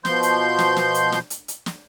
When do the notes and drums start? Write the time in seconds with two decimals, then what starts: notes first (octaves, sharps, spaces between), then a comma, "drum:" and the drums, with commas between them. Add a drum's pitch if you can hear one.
0.05 B2 F3 C6 G6, drum: snare
0.23 drum: hi-hat
0.59 drum: snare
0.76 drum: snare
0.94 drum: hi-hat
1.12 drum: snare
1.30 drum: hi-hat
1.48 drum: hi-hat
1.66 drum: snare